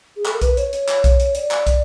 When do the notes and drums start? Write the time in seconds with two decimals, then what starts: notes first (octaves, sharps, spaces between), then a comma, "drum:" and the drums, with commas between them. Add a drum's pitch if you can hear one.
0.16 G#4
0.25 A4, drum: clap
0.33 A#4
0.42 B4, drum: kick, hi-hat
0.57 C#5, drum: hi-hat
0.73 drum: hi-hat
0.89 drum: clap
1.04 drum: kick, hi-hat
1.20 drum: hi-hat
1.35 D5, drum: hi-hat
1.51 drum: clap
1.67 drum: kick, hi-hat